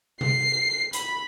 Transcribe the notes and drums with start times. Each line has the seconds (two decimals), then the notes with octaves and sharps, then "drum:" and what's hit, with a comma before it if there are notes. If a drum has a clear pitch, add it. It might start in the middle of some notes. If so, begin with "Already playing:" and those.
0.21 C7, drum: tom C3
0.93 B5, drum: hi-hat